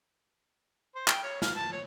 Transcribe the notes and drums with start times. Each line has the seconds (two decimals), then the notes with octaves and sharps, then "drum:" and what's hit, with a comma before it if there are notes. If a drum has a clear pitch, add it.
0.95 C5
1.08 G5, drum: clap
1.24 C#5
1.42 F5, drum: snare
1.56 A5
1.72 C#5